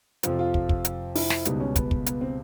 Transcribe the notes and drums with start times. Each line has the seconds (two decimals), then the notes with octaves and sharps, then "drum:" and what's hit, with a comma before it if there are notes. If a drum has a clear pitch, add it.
0.23 F2 C3 F3 F4, drum: hi-hat
0.39 F4
0.54 drum: kick
0.69 drum: kick
0.85 drum: hi-hat
1.15 E4, drum: open hi-hat
1.30 drum: snare
1.45 C#2 B2 G3 D#4, drum: hi-hat
1.60 C#4
1.76 B3, drum: kick, hi-hat
1.91 drum: kick
2.06 B3, drum: hi-hat
2.21 C4